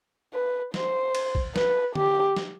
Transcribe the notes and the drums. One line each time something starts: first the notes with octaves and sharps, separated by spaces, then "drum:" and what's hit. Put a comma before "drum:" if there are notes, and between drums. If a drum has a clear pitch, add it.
B4
C5, drum: snare
drum: cymbal
drum: kick
B4, drum: snare
G4, drum: tom D3
drum: snare